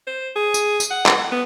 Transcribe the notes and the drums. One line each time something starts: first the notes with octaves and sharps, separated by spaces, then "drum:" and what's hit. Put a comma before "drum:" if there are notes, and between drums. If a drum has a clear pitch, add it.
C5
G#4
drum: tambourine
drum: tambourine
F#5
drum: clap
B3